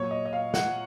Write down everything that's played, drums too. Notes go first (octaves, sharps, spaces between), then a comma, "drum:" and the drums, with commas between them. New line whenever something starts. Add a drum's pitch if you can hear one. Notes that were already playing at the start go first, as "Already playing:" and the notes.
Already playing: A#2 F#3 C#5
D#5
D#5
F5
F#5, drum: snare